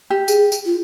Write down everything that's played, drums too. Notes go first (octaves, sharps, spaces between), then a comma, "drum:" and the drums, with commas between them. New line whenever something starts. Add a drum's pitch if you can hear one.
G4
G#4, drum: tambourine
drum: tambourine
F4